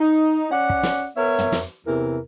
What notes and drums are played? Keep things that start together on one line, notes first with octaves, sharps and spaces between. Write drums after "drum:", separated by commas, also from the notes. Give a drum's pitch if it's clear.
D#4
C#4 D5 F#5
drum: kick
drum: snare
B3 A#4 C#5 E5
drum: tom
drum: snare
E2 C3 E3 A#4